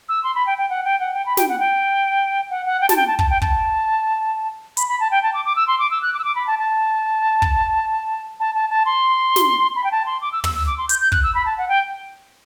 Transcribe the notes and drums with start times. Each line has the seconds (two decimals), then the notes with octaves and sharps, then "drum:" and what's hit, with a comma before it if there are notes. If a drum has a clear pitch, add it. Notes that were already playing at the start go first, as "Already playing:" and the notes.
0.09 E6
0.24 C6
0.35 B5
0.47 G5
0.58 G5
0.70 F#5
0.84 G5
1.00 F#5
1.14 G5
1.26 B5
1.37 G5, drum: snare
1.49 F#5
1.60 G5
2.50 F#5
2.66 F#5
2.81 G5
2.89 A5, drum: snare
2.96 G5
3.08 A5
3.19 A5, drum: kick
3.30 G5
3.42 A5, drum: kick
4.77 B5, drum: hi-hat
4.88 B5
5.00 A5
5.11 G5
5.23 A5
5.34 D6
5.45 D6
5.56 E6
5.68 C6
5.79 D6
5.91 E6
6.02 F#6
6.14 D6
6.19 E6
6.24 D6
6.36 B5
6.47 A5
6.59 A5
7.42 drum: kick
8.40 A5
8.55 A5
8.70 A5
8.86 C6
9.36 drum: snare
9.76 B5
9.84 G5
9.91 A5
10.06 C6
10.22 D6
10.32 E6
10.44 E6, drum: tom
10.55 E6
10.67 D6
10.78 C6
10.89 G6, drum: hi-hat
11.01 G6
11.12 F#6, drum: kick
11.23 E6
11.35 B5
11.46 A5
11.58 F#5
11.69 G5